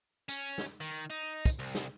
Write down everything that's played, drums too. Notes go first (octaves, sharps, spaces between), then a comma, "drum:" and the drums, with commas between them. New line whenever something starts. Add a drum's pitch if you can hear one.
C#4, drum: tambourine
drum: snare
D#3
D#4
drum: kick, tambourine
C2
drum: snare